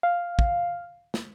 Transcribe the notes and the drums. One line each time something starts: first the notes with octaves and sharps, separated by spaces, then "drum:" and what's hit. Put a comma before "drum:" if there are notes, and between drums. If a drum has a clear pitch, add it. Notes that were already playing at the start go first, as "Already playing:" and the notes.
F5
drum: kick
drum: snare